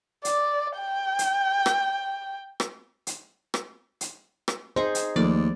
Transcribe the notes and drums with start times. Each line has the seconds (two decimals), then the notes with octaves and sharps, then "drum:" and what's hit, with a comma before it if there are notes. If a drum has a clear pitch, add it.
0.25 D5, drum: hi-hat
0.78 G5
1.19 drum: hi-hat
1.66 drum: rim click
2.60 drum: rim click
3.07 drum: hi-hat
3.54 drum: rim click
4.01 drum: hi-hat
4.48 drum: rim click
4.76 D#4 G#4 C5
4.95 drum: hi-hat
5.16 D#2 F3 A3 D5